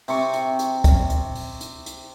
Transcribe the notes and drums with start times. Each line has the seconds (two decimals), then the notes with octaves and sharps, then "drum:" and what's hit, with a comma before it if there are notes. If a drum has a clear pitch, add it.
0.08 C3 C#6, drum: open hi-hat
0.33 drum: hi-hat
0.59 drum: hi-hat
0.84 drum: kick, hi-hat
1.10 drum: hi-hat
1.35 drum: open hi-hat
1.61 drum: hi-hat
1.86 drum: hi-hat